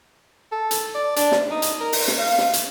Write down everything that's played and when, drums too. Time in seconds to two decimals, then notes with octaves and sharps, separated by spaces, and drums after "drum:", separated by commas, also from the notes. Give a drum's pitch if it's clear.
0.52 A4
0.71 drum: hi-hat
0.95 D5
1.16 D4, drum: hi-hat
1.32 drum: snare
1.51 D#4
1.62 drum: hi-hat
1.80 A#4
1.93 drum: open hi-hat
2.08 drum: snare
2.19 F5
2.38 drum: snare
2.53 drum: hi-hat